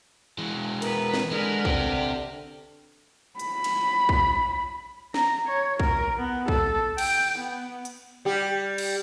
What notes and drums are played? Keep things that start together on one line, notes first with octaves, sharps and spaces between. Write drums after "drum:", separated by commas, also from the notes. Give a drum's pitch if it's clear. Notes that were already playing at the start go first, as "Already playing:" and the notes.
E3 G#3
B3 A#4 B4, drum: cymbal
drum: snare
D3 G#3 A#4 B4
C4 G4, drum: kick
B5, drum: hi-hat
drum: cymbal
drum: kick
A#5, drum: snare
C#5
A#4, drum: kick
B3
A4, drum: kick
G5, drum: cymbal
B3
drum: hi-hat
G3 G4
drum: cymbal